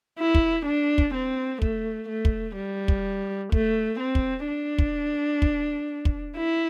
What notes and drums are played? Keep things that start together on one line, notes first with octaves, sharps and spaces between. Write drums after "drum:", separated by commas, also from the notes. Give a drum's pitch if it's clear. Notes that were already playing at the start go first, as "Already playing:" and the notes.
E4
drum: kick
D4
drum: kick
C4
A3, drum: kick
A3
drum: kick
G3
drum: kick
A3, drum: kick
C4
drum: kick
D4
drum: kick
drum: kick
drum: kick
E4